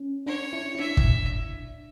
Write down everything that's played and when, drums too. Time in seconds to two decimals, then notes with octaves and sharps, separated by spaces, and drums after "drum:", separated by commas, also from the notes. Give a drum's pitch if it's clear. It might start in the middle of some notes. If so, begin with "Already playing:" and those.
Already playing: C#4
0.26 D4 C#5
0.53 E4
0.75 E4
0.79 D4 E5
0.97 drum: kick